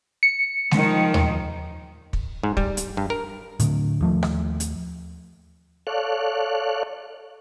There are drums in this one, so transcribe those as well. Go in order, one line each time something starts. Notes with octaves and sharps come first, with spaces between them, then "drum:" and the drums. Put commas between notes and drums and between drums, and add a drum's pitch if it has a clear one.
C#7
D#3 F3 G#3, drum: snare G#3
drum: tom D#2
drum: kick
G#2
G3, drum: kick
drum: hi-hat
G2
A#4
A2 D3, drum: hi-hat
D#2 F3 A3
drum: rim click
drum: hi-hat
A4 C#5 D5 F5 F#6